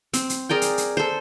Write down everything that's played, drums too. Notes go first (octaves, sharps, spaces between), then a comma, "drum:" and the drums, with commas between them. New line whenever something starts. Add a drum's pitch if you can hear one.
C4, drum: hi-hat
drum: hi-hat
G#4 A#4 D5 G5
drum: hi-hat
drum: hi-hat
A4 C5